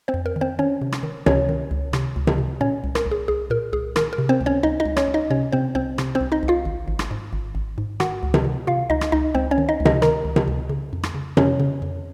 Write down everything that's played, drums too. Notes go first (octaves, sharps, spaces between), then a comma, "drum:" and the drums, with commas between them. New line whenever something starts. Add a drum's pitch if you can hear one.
C4 C5
F2
A#4
D#3
C4 C5
D#3 C#4 C#5
C3
drum: rim click
D#3
C#2 C#4 C#5, drum: tom C3
D#3
C#2
C3, drum: rim click
C#2
drum: tom C3
C3
A#2 C#4 C#5
C2
A#4, drum: rim click
C2
G#4
C2 G#4
A#2 A#4
C2 G#4
D#3 A#4, drum: rim click
A#4
C3
C4 C5
C#2
C#4 C#5
C#2 D#4 D#5
D#4 D#5
C#2
C#4 C#5, drum: rim click
C#2
D#4 D#5
C3 C#4 C#5
C3 C4 C5
C2 C4 C5
C3, drum: rim click
C4 C5
C2
D#4 D#5
C2
F4 F5
G#1
G#1
drum: rim click
G#2
G#1
G#1
G#2
D#3 F#4 F#5, drum: rim click
C#2
drum: tom C3
D#3
C3 F4 F5
C#2 D#4 D#5
drum: rim click
C#2 D#4 D#5
C#2 C4 C5
C#4 C#5
D#3
D#4 D#5
C#2
D#4 D#5, drum: tom C3
D#3 A#4 A#5, drum: rim click
C#2
drum: tom C3
C#2
C#3
F2
drum: rim click
C#3
F2 C#4 C#5, drum: tom C3
C#3
F2